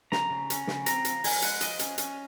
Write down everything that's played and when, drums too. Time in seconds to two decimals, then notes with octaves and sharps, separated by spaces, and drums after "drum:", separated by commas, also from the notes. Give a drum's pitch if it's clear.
0.12 C#3 A#5, drum: snare
0.30 C#3
0.50 C#4, drum: hi-hat
0.67 C#3, drum: snare
0.86 C4 A#5, drum: hi-hat
1.05 F3, drum: hi-hat
1.24 F3 G#5, drum: open hi-hat
1.42 G#3 F#5, drum: hi-hat
1.61 F3 D#5, drum: hi-hat
1.79 C#4, drum: hi-hat
1.98 C#4, drum: hi-hat